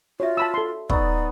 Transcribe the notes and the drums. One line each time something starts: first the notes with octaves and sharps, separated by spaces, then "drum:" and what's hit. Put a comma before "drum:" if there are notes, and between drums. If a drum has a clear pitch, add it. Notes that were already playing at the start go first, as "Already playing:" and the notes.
F4 F#4 C#5 D5 E5
A5 B5 E6
A4 C6
B3 D#4 D5 C#6 E6, drum: kick